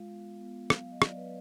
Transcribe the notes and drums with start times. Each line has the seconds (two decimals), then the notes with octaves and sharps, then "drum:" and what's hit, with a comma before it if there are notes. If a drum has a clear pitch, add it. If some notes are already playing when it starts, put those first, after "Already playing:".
Already playing: G#3 F4 F5
0.08 B3
0.39 B3
0.70 F#3 F5, drum: rim click
0.91 D#5
1.02 F#3 D5, drum: rim click
1.17 B4